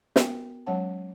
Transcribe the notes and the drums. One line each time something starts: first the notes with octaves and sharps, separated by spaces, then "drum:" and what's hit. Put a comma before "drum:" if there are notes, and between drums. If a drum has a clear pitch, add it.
B3 F#4 A#4 G5 G#5, drum: snare
F#3 G#3 C#4 C#5 F#5 A5